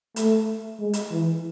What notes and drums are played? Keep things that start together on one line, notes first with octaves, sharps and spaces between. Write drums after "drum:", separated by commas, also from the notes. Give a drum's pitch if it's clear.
A3, drum: hi-hat
G#3
drum: hi-hat
E3